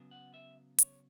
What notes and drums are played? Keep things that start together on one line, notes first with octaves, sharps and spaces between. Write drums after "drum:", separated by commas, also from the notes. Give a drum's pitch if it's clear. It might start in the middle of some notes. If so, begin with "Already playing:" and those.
Already playing: C#3 F#3 B3
F#5
E5
C#5, drum: hi-hat